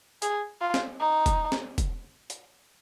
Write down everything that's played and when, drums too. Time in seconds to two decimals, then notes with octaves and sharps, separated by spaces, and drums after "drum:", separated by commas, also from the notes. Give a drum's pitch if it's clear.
0.22 G#4, drum: hi-hat
0.61 F4
0.74 drum: snare
1.00 D#4
1.26 drum: kick, hi-hat
1.52 drum: snare
1.78 drum: kick, hi-hat
2.30 drum: hi-hat